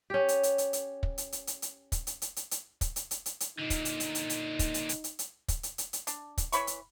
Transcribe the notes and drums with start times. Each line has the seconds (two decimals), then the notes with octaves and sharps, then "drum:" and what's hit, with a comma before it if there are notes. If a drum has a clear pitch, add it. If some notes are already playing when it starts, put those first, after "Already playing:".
0.10 C#4 G4
0.28 drum: hi-hat
0.43 drum: hi-hat
0.58 drum: hi-hat
0.73 drum: hi-hat
1.03 drum: kick
1.18 drum: hi-hat
1.32 drum: hi-hat
1.47 drum: hi-hat
1.62 drum: hi-hat
1.92 drum: kick, hi-hat
2.07 drum: hi-hat
2.22 drum: hi-hat
2.36 drum: hi-hat
2.51 drum: hi-hat
2.81 drum: kick, hi-hat
2.96 drum: hi-hat
3.11 drum: hi-hat
3.26 drum: hi-hat
3.40 drum: hi-hat
3.58 A#2 D3 D#4
3.70 drum: kick, hi-hat
3.85 drum: hi-hat
4.00 drum: hi-hat
4.15 drum: hi-hat
4.30 drum: hi-hat
4.59 drum: kick, hi-hat
4.74 drum: hi-hat
4.89 drum: hi-hat
5.04 drum: hi-hat
5.19 drum: hi-hat
5.48 drum: kick, hi-hat
5.63 drum: hi-hat
5.78 drum: hi-hat
5.93 drum: hi-hat
6.07 D4, drum: hi-hat
6.38 drum: kick, hi-hat
6.52 E3 C#5 B5 C#6, drum: hi-hat
6.67 drum: hi-hat